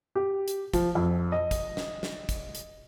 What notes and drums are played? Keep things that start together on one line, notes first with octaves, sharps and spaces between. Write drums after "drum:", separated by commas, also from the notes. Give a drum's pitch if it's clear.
G4
drum: hi-hat
F3, drum: kick, hi-hat
F2
D#5
drum: kick, hi-hat
drum: snare
drum: snare
drum: kick, hi-hat
drum: hi-hat